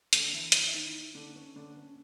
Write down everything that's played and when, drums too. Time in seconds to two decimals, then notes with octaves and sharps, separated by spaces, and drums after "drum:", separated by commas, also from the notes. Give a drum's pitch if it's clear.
0.13 D3 D4, drum: hi-hat
0.33 E3 E4
0.52 drum: hi-hat
0.66 E4
0.74 D#3 D#4
1.15 D3 D4
1.35 C#4
1.56 D3 D4
1.76 C#4